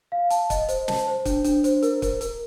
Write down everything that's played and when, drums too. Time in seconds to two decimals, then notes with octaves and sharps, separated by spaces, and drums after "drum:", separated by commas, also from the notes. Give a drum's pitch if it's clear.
0.12 F5
0.30 A5, drum: hi-hat
0.50 D#5, drum: kick, hi-hat
0.69 C5, drum: hi-hat
0.88 A5, drum: snare
1.07 C5
1.25 D4, drum: kick, hi-hat
1.44 D4, drum: hi-hat
1.64 C5, drum: hi-hat
1.83 A#4, drum: hi-hat
2.02 A#4, drum: kick, hi-hat
2.21 A#4, drum: hi-hat